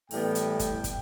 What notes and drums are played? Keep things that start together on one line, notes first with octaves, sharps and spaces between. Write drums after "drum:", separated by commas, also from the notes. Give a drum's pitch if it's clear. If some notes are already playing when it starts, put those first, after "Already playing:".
A2 E3 G3 B3 G5, drum: open hi-hat
drum: hi-hat
G5
drum: kick, hi-hat
drum: kick, hi-hat